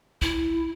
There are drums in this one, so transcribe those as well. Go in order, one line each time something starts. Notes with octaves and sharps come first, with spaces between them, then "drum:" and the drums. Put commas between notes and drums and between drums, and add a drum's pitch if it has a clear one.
E4, drum: kick